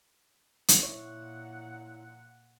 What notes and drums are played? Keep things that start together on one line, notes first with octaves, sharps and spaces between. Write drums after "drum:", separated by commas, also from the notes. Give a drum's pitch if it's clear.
drum: hi-hat
A#2 E4 C#5 F#5